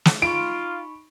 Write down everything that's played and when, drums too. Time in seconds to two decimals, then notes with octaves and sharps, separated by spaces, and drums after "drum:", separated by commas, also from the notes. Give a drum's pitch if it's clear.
0.05 drum: snare
0.22 D#4 F4 B5 C#6 D7